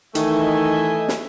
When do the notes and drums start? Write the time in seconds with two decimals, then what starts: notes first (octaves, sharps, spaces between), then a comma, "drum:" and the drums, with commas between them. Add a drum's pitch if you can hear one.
0.15 D#3 E3 A3 D#5 E5 G#5, drum: hi-hat
1.08 drum: snare